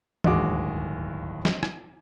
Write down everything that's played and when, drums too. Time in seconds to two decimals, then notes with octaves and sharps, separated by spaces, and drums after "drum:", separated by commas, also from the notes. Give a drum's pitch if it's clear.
0.24 D1 G1 D#2 G#3 F#4 D6, drum: tom E3
1.45 drum: snare
1.63 drum: rim click